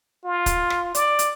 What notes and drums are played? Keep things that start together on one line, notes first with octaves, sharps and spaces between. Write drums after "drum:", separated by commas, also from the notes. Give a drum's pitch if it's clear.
F4
drum: kick, hi-hat
drum: rim click
D5, drum: hi-hat
drum: hi-hat